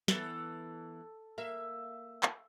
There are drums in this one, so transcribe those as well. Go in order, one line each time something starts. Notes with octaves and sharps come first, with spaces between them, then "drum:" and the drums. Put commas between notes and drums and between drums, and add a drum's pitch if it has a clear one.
E3 B3 A4, drum: snare
A#3 E5
drum: clap